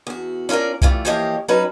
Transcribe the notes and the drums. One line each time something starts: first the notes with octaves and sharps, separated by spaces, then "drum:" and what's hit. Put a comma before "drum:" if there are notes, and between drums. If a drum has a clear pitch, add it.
E2 F#4
C#4 F4 A4 A#4 D5
E3 G3 A3 F4, drum: kick B1
E3 F3 A#3 G4 C#5 D#5
F#3 C#4 D#4 F#4 B4